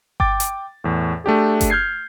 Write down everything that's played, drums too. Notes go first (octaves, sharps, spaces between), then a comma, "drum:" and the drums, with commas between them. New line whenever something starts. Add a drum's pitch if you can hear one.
G5 D6 A6, drum: kick G1
drum: hi-hat
E2 A2
A3 D4 G4 G#4
drum: kick G1, hi-hat
F6 G6 G#6 C7